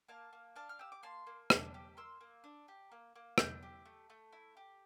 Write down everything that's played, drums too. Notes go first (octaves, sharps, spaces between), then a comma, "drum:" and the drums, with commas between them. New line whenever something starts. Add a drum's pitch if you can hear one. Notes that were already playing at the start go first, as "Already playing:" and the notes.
A#3 F5 A5
A#3
D4 F5 A5
F6
G4 E6
D6
A#3 A5 C6
A#3
D4, drum: rim click
G4
A#3 C6 E6
A#3
D4
G4
A#3
A#3
E4 E6 G6, drum: rim click
G4
A3
A3
E4
G4